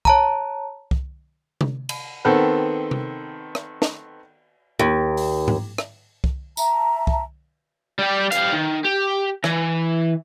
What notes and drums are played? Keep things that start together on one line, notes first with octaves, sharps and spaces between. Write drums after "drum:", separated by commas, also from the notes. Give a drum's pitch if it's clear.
C#5 A5 A#5, drum: kick C2
drum: kick C2
drum: tom C3
drum: cymbal
D#3 B3 C4 A4 B4
drum: tom C3
drum: rim click
drum: snare
D#2
drum: open hi-hat
drum: tom G#2
drum: rim click
drum: kick C2
E5 A5 A#5, drum: tambourine
drum: kick C2
G3 G4
G3 F5, drum: hi-hat
D#3
G4
E3, drum: rim click